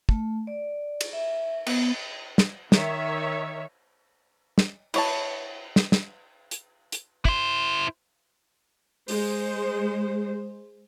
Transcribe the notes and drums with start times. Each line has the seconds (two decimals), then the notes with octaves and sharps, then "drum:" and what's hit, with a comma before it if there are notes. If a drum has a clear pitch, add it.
0.09 A3, drum: kick
0.47 D5
1.01 drum: cymbal
1.13 E5
1.67 B3, drum: cymbal
2.38 drum: snare
2.72 D#3 C#5 E5, drum: snare
4.58 drum: snare
4.94 E4 C#5 A5, drum: cymbal
5.76 drum: snare
5.92 drum: snare
6.51 drum: hi-hat
6.92 drum: hi-hat
7.25 E4 C5, drum: kick
9.08 G#3 C5, drum: open hi-hat